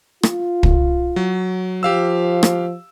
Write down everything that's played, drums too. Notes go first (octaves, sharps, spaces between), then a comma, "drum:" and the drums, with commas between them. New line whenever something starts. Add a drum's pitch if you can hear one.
F4, drum: rim click
drum: kick
F#3
F3 G4 F5 E6
drum: rim click